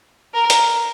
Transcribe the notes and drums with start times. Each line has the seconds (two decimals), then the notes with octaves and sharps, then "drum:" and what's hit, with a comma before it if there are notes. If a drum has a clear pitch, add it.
0.34 A#4
0.50 drum: hi-hat